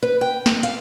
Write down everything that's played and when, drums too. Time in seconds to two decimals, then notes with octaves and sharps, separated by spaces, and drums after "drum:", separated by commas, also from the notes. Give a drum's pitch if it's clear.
0.03 B4
0.21 G5
0.46 drum: snare
0.63 F5, drum: hi-hat